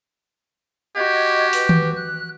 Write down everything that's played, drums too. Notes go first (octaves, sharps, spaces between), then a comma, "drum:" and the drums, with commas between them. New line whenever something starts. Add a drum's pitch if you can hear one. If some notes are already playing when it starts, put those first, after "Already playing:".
F#4 G4 D#5 G#6
B4, drum: open hi-hat
drum: tom D#3
F#6